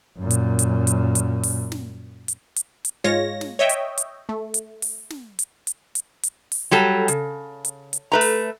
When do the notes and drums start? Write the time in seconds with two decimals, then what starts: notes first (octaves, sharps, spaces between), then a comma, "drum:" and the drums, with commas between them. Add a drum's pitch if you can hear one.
0.19 F#2 A#2
0.30 drum: hi-hat
0.59 drum: hi-hat
0.87 drum: hi-hat
1.15 drum: hi-hat
1.43 drum: open hi-hat
1.72 drum: snare
2.28 drum: hi-hat
2.56 drum: hi-hat
2.85 drum: hi-hat
3.04 G#2 G#3 F4 C#5 A#6
3.41 drum: snare
3.59 C#5 D#5 E5 G5
3.69 drum: hi-hat
3.98 drum: hi-hat
4.29 A3
4.54 drum: hi-hat
4.82 drum: open hi-hat
5.10 drum: snare
5.39 drum: hi-hat
5.67 drum: hi-hat
5.95 drum: hi-hat
6.23 drum: hi-hat
6.52 drum: open hi-hat
6.71 F#3 G3 A4
7.08 C#3, drum: hi-hat
7.65 drum: hi-hat
7.93 drum: hi-hat
8.12 A3 B4 A#5
8.21 drum: open hi-hat